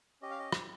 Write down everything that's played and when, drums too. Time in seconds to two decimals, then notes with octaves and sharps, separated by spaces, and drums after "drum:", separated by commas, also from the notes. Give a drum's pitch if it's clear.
0.21 C#4 G4 D#5
0.31 F5
0.39 D#5
0.52 drum: rim click